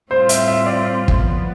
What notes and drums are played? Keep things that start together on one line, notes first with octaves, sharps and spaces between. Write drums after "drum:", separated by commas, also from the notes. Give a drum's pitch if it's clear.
A2 G3 C4 F4 C5
E5, drum: hi-hat
E5
D5
drum: kick
F3 B3